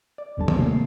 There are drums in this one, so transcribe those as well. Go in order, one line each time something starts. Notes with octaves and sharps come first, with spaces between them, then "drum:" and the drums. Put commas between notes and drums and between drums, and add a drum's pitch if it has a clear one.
D5
G1 D#2 D3 G3 A5
drum: tom D#3
C3 A3 A#3 C7